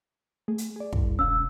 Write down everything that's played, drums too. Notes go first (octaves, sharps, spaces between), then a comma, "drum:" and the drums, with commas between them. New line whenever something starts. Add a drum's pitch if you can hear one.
A3 G#4
drum: hi-hat
G#4 D5
C2 G2, drum: kick
E1 C#4 F5 E6